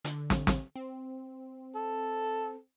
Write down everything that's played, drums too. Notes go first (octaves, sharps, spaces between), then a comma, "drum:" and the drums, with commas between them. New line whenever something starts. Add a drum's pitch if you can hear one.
D3, drum: hi-hat
drum: snare
drum: snare
C4
A4